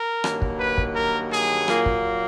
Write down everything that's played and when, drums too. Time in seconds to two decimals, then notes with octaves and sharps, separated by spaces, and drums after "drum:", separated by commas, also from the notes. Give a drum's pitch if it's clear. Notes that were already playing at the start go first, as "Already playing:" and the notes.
Already playing: A#4
0.24 G2 D#3 F#3 A#3, drum: rim click
0.42 drum: kick
0.60 B4
0.78 drum: kick
0.96 A#4
1.32 G#4
1.68 A#2 F#3 A#3, drum: rim click
1.86 drum: kick